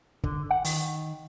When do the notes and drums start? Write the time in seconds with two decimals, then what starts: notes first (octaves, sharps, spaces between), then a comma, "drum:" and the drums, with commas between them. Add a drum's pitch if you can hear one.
0.24 D3, drum: kick
0.51 F#5
0.65 D#3, drum: open hi-hat